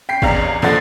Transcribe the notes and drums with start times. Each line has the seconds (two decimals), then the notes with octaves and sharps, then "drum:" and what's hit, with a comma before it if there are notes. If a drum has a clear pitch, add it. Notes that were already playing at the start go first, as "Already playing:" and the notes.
0.09 G5 B6 C7
0.22 A1 E2 D4 F5 A#5, drum: kick G#1
0.62 A#1 F3 A4 F#5 A6 C7